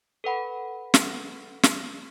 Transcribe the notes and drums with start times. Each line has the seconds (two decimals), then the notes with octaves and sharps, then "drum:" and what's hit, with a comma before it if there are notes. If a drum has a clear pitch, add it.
0.24 A4 B4 F#5 B5
0.94 drum: snare
1.63 drum: snare